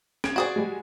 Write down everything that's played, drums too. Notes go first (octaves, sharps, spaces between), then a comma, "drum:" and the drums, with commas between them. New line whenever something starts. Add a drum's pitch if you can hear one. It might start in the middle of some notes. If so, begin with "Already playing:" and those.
G#6 D7, drum: snare
F4 F#4 G#4 C5 D5
G3 G#3